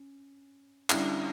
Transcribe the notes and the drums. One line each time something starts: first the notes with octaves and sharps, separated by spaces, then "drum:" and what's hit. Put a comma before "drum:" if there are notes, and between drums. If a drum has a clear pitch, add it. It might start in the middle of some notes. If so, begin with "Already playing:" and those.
Already playing: C#4
D3 G3 C#4 E4, drum: clap